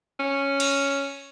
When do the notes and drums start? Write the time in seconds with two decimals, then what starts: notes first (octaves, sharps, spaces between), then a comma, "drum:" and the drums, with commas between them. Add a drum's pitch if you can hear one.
0.20 C#4
0.60 drum: cymbal